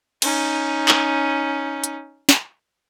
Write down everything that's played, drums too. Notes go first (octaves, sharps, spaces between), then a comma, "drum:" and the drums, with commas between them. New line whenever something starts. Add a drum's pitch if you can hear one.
C#4 D#4, drum: cymbal
drum: clap
drum: hi-hat
drum: snare